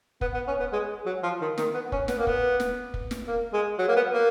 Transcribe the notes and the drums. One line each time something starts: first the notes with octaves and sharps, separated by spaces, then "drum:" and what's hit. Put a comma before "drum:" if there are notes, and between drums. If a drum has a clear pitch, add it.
B3, drum: kick
B3
C#4
B3
G#3
F#3
F3
D#3
D#3, drum: snare
B3
C#4, drum: kick
B3, drum: snare
A#3
B3, drum: kick
drum: snare
drum: kick
drum: snare
A#3
G#3
F#3
A#3
B3
A#3